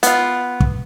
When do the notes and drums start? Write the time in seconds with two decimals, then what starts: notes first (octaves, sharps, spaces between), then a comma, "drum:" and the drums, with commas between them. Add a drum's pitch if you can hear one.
0.03 B3 F4, drum: hi-hat
0.60 drum: kick